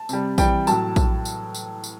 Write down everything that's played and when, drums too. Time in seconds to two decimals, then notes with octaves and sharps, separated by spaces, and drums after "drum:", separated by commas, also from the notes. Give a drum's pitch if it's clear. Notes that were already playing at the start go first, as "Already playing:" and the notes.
Already playing: A5
0.09 C3 G3, drum: tambourine
0.38 C3 E3 G3 G5, drum: kick A#1, tambourine
0.67 A2 F#3 A5, drum: tambourine
0.96 drum: kick A#1, tambourine
1.25 drum: tambourine
1.55 drum: tambourine
1.84 drum: tambourine